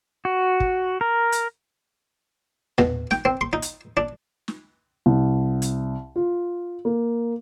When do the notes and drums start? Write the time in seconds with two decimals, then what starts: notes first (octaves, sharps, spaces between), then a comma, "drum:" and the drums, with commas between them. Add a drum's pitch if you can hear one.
0.25 F#4
0.60 drum: kick
1.01 A#4
1.32 drum: hi-hat
2.78 B2, drum: tom
3.11 G5, drum: snare
3.25 C4
3.41 C6
3.53 D#4
3.62 drum: hi-hat
3.97 D4
4.48 drum: snare
5.06 C2
5.62 drum: hi-hat
6.16 F4
6.85 A#3